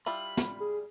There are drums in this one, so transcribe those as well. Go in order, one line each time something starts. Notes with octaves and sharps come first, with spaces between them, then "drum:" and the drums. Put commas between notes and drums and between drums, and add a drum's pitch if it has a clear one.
G3 E4 F4 B5
drum: snare
G#4